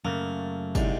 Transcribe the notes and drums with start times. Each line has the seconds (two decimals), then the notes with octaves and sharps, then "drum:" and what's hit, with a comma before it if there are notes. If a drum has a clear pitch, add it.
0.05 F#2 C#3 A3 A#3
0.75 C2 G#2, drum: kick, tambourine